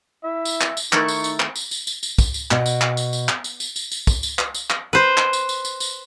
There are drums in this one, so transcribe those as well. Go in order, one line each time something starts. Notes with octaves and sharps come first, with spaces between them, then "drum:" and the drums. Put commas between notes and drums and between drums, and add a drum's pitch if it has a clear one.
E4 E5
drum: tambourine
drum: clap
drum: tambourine
D#3 A3 D#4 E4 C#6, drum: clap
drum: tambourine
drum: tambourine
drum: clap
drum: tambourine
drum: tambourine
drum: tambourine
drum: tambourine
drum: kick, tambourine
drum: tambourine
B2, drum: clap
drum: tambourine
drum: clap
drum: tambourine
drum: tambourine
drum: clap
drum: tambourine
drum: tambourine
drum: tambourine
drum: tambourine
drum: kick, tambourine
drum: tambourine
drum: clap
drum: tambourine
drum: clap
B4 C5
drum: clap
drum: tambourine
drum: tambourine
drum: tambourine
drum: tambourine